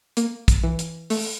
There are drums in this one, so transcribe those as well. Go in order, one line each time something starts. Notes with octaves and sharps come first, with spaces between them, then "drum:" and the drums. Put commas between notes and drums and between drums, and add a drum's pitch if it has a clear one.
A#3, drum: hi-hat
drum: kick, hi-hat
E3
drum: hi-hat
A3, drum: open hi-hat